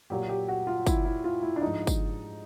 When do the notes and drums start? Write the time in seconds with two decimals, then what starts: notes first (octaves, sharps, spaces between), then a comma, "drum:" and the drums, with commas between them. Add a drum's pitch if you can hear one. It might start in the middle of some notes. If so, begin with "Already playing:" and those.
0.10 A#2 F#3 G4
0.29 G4
0.48 F#4
0.67 F4
0.87 E4, drum: kick, tambourine
1.05 E4
1.24 F4
1.42 E4
1.56 D4
1.62 G#2 F3 D#4
1.87 drum: kick, tambourine